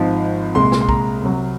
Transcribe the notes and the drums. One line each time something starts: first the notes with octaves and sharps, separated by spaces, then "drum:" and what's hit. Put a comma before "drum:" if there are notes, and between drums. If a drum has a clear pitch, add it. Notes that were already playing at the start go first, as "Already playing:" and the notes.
Already playing: G#1 G#2 F3
C2 A#2 G#3 C6
drum: snare
C6
A#5, drum: kick
C2 C3 F#3